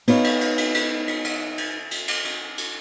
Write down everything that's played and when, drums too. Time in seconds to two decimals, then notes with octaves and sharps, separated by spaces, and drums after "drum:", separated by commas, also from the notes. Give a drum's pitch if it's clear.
0.08 B3 D#4 C#5 F5, drum: cymbal
0.24 drum: cymbal
0.41 drum: cymbal
0.58 drum: cymbal
0.74 drum: cymbal
1.08 drum: cymbal
1.24 drum: cymbal
1.58 drum: cymbal
1.91 drum: cymbal
2.08 drum: cymbal
2.24 drum: cymbal
2.58 drum: cymbal